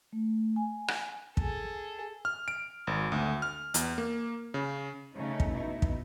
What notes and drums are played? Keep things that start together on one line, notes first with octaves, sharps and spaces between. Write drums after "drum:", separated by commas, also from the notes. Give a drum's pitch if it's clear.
A3
G#5
drum: rim click
G#4 A4, drum: kick
F6
D7
G#1
D2
F6
E2, drum: hi-hat
A#3
C#3
C#3 A3 C#4 D#4
drum: kick
B2 D#4 E4
drum: kick